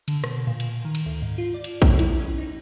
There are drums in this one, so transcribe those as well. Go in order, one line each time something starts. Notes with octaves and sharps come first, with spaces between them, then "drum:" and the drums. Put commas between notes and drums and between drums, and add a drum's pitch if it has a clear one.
D3, drum: cymbal
B2, drum: rim click
A#2
drum: cymbal
D#3
drum: cymbal
D2
G#2
F4
D5
drum: cymbal
drum: kick, cymbal
E4, drum: cymbal
C#4
D#4